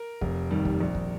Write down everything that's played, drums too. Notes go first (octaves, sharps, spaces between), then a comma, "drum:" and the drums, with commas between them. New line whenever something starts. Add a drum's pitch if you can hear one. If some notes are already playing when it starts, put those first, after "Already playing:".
Already playing: A#4
F1, drum: kick
D#2 D#3 G3
drum: kick
A#1
drum: kick